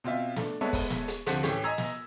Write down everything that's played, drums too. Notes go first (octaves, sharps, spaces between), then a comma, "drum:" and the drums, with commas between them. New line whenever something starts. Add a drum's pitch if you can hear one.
B2 C4 F4 E5
A3 D4, drum: snare
G#3 B3 A4 C#5 E5
drum: kick, open hi-hat
drum: snare
drum: hi-hat
D2 C3 F3 C5 F#5 B6, drum: hi-hat
A2 E3 C#4 G4 C#6 B6, drum: hi-hat
D#5 G#5 A#5 E6 G#6
drum: snare